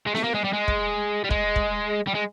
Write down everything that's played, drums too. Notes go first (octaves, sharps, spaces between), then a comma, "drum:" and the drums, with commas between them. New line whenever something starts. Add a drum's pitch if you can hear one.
G#3
A3, drum: snare B3
A#3
G#3
G3
G#3
drum: kick
G3
G#3, drum: kick
drum: kick
G3
G#3